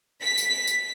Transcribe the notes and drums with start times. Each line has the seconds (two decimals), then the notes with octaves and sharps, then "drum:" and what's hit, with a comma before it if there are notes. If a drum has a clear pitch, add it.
0.23 B6
0.38 drum: tambourine
0.67 drum: tambourine